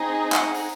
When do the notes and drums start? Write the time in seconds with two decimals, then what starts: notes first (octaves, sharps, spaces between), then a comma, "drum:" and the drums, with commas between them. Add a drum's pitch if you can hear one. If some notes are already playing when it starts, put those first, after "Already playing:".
Already playing: C4 D#4 G#4
0.32 F#5, drum: clap
0.54 drum: open hi-hat